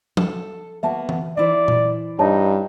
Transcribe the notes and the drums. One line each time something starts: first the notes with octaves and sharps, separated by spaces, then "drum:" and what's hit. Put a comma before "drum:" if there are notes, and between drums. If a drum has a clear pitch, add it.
A4, drum: tom F3
A#3 B3 F#4 E5 A5
drum: tom E3
E3 E4 C5 D5
drum: tom A#2
G2 D#4 C#5 A5